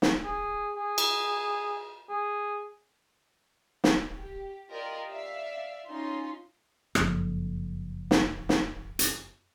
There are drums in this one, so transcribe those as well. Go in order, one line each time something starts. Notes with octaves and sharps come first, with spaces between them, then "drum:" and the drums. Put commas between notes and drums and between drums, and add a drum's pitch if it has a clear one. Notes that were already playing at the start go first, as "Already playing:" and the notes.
drum: snare
G#4
G#4
drum: cymbal
G#4
drum: snare
G4
F4 G4 A#4 D5 D#5
D5 E5 F5
C#4 D#4 F4 C6
F#1 F2, drum: rim click
drum: snare
drum: snare
drum: hi-hat